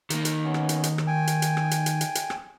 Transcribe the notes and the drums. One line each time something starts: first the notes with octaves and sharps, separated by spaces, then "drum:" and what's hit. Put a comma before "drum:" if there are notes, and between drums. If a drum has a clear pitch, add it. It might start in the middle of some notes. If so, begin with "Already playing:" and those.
D#3 A#3, drum: hi-hat
drum: hi-hat
B3 C#4
drum: rim click
drum: hi-hat
drum: hi-hat
drum: rim click
G5 G#5
drum: hi-hat
drum: hi-hat
drum: rim click
drum: hi-hat
drum: hi-hat
drum: hi-hat
drum: hi-hat
drum: rim click